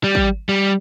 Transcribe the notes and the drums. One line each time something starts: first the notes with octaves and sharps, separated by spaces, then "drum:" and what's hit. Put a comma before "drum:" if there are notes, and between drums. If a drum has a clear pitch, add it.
G3
drum: kick
G3